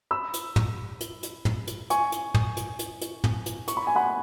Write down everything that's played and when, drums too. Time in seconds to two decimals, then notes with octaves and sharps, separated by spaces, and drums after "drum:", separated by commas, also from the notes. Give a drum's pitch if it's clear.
0.11 B5 E6
0.34 drum: hi-hat
0.56 drum: tom
1.01 drum: hi-hat
1.23 drum: hi-hat
1.45 drum: tom
1.68 drum: hi-hat
1.90 G#5 C#6, drum: hi-hat
2.12 drum: hi-hat
2.34 drum: tom
2.57 drum: hi-hat
2.79 drum: hi-hat
3.01 drum: hi-hat
3.24 drum: tom
3.46 drum: hi-hat
3.68 C#6, drum: hi-hat
3.77 B5
3.87 G#5
3.96 F#5 B5